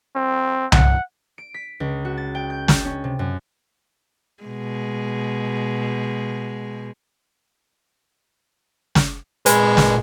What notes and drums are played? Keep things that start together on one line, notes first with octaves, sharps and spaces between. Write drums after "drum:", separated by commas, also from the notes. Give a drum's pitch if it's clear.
C4
F#5, drum: tom C2
D7
B6
C#2
F#4
A6
G5
G6
A5, drum: snare
C#4
C3
F#2
B2 G#3
drum: snare
A#2 G#3 B4, drum: hi-hat
drum: snare